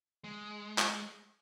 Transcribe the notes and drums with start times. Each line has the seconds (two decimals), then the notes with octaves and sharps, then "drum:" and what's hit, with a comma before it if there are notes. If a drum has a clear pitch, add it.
0.24 G#3
0.78 drum: clap